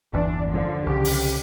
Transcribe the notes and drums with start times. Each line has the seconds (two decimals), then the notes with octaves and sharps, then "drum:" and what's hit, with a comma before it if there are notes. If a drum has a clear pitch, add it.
0.13 G1 E2 E3 D4
0.50 D3 F3
0.87 C2 C#3 G4
1.05 drum: open hi-hat